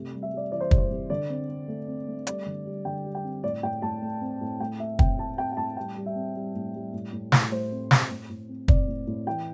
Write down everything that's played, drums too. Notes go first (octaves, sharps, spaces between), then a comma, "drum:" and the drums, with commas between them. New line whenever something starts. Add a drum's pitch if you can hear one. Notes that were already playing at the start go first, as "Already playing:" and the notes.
Already playing: C3 A3
G3
E5
G3 D5
E3 D5
C5
G3, drum: kick
C5
C3
D3 D5
C4
C4
A3
C4
A3
G3 D5, drum: hi-hat
D3
G3
D3 G5
G3
G5
C4
A2 D5
A2 G5
A2 A5
A3
C4
A2
A3 G5
A3 E5
C4 G5, drum: kick
A2 A5
C4 G5
G5
A2 A5
G3 G5
G3
E5
C4
G3
A2
G3
A2
A2
A2, drum: snare
A3 C5
C4
A2, drum: snare
A2
A2
C4
C4 D5, drum: kick
A2
A2
E3 G5